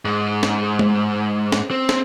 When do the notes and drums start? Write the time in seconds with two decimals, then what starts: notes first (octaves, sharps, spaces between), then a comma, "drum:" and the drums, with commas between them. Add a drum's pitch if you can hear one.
0.05 G#2
0.43 drum: snare
0.79 drum: tom G#3
1.52 drum: snare
1.71 C4
1.89 drum: snare